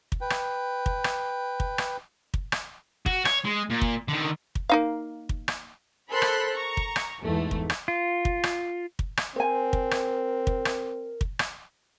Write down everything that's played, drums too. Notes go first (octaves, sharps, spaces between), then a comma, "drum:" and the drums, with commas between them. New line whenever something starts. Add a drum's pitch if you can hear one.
drum: kick
B4 G5
drum: rim click
drum: kick
drum: rim click
drum: kick
drum: rim click
drum: kick
drum: rim click
F#4, drum: kick
C#5, drum: rim click
G#3
A#2
drum: kick
D3 D#3
drum: kick
A#3 D#4 F5
drum: kick
drum: rim click
A4 A#4 C5 B5 C6 F#6
drum: rim click
A#5 C#6
drum: kick
drum: rim click
E2 G#2 E3 A3
drum: kick
drum: rim click
F4
drum: kick
drum: rim click
drum: kick
drum: rim click
C4 A#4 C5 G#5
drum: kick
drum: rim click
drum: kick
drum: rim click
drum: kick
drum: rim click